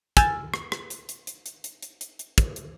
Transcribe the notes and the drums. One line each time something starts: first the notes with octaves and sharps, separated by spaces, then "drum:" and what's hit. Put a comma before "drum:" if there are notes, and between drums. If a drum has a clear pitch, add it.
G#5 E6 F6 G6 A6, drum: kick, hi-hat
drum: rim click
drum: rim click
drum: hi-hat
drum: hi-hat
drum: hi-hat
drum: hi-hat
drum: hi-hat
drum: hi-hat
drum: hi-hat
drum: hi-hat
drum: kick, hi-hat
drum: hi-hat